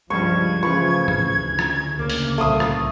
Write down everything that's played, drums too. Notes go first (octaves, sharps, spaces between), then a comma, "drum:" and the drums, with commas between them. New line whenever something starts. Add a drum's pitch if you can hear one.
C#2 G2 F3 C#6 G#6
C#3 E3 F3 A3 C#6
drum: tom
D2
drum: rim click
D2 C#3 A#3 D6
drum: open hi-hat
C2 A2 A3 F5 D#6
drum: rim click